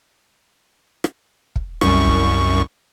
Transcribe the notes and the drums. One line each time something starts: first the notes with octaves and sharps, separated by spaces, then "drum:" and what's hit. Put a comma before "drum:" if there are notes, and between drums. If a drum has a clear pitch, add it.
drum: rim click
drum: kick
C2 F#2 C#6, drum: rim click
drum: kick